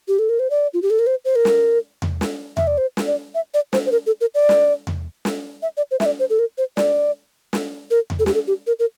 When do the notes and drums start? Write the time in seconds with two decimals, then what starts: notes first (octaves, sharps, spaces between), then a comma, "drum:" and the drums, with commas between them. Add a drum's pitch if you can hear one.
0.08 G4
0.19 A4
0.29 A#4
0.39 C5
0.50 D5
0.74 F4
0.82 G4
0.90 A4
0.99 A#4
1.07 C5
1.25 C5
1.36 A#4
1.45 drum: snare
2.02 drum: tom E2
2.21 drum: snare
2.57 E5, drum: tom E2
2.67 D5
2.78 C5
2.97 drum: snare
3.07 D5
3.35 E5
3.54 D5
3.73 C5, drum: snare
3.86 C5
3.92 A#4
4.07 A4
4.21 A#4
4.35 D5
4.49 drum: snare
4.87 drum: tom E2
5.25 drum: snare
5.62 E5
5.77 D5
5.91 C5
6.00 E5, drum: snare
6.06 D5
6.19 C5
6.30 A4
6.39 A#4
6.58 C5
6.77 D5, drum: snare
7.53 drum: snare
7.91 A#4
8.10 drum: tom E2
8.19 A4
8.26 G4, drum: snare
8.34 A4
8.47 G4
8.67 A#4
8.79 A#4